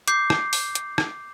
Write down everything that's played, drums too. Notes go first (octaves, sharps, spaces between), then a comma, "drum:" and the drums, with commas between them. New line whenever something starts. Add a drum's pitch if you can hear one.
D6 G6 C7, drum: hi-hat
drum: rim click
drum: open hi-hat
drum: hi-hat
drum: rim click